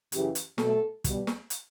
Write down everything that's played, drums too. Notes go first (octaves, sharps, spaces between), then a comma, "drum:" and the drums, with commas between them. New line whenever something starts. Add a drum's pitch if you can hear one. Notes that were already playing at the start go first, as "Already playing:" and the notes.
F#2 C#3 E3 G4, drum: hi-hat
drum: hi-hat
B2 F#3 A3 A4, drum: snare
B2 G3, drum: kick, hi-hat
drum: snare
drum: hi-hat